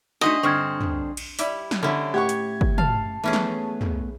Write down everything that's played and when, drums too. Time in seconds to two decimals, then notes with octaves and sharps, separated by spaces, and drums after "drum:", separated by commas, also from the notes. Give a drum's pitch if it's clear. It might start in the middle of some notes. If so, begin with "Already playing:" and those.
0.21 A3 D4 D#4 F#4 D#5 C6
0.43 G2 D3 C4 C#6 F6 G#6
0.81 drum: tom
1.17 drum: cymbal
1.39 G3 E4 G4, drum: hi-hat
1.71 drum: snare
1.83 D3 C#4 E4
2.14 A2 G4 F#5 C#6 G#6
2.29 drum: hi-hat
2.61 drum: kick
2.78 F5 A5, drum: tom
3.24 E3 A3 B3 C#4 G#4
3.33 drum: snare
3.81 drum: tom